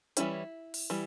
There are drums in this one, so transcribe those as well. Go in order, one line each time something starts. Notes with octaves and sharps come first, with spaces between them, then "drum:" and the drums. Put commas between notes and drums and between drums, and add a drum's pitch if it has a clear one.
E3 G3 C#4 E4, drum: hi-hat
drum: open hi-hat
E3 G3